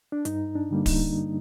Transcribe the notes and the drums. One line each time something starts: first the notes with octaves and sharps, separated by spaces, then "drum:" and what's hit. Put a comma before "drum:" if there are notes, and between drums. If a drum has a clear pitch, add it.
D4
G2 D#4, drum: hi-hat
D4
D3 G3 A#3
D#4, drum: kick D1, open hi-hat